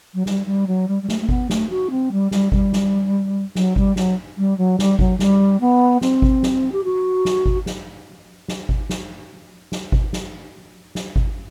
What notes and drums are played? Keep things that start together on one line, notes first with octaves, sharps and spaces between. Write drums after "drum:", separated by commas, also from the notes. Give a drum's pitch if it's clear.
F#3
G3, drum: snare
G3
F#3
G3
G3
A3, drum: snare
A3
B3, drum: kick G#1
A3, drum: snare
F#4
C4
G3
G3, drum: snare
G3, drum: kick G#1
drum: snare
F#3, drum: snare
G3, drum: kick G#1
F#3, drum: snare
G3
F#3
G3, drum: snare
F#3, drum: kick G#1
G3, drum: snare
B3
C4, drum: snare
drum: kick G#1
drum: snare
G4
F#4
drum: snare
drum: kick G#1
drum: snare
drum: snare
drum: kick G#1
drum: snare
drum: snare
drum: kick G#1
drum: snare
drum: snare
drum: kick G#1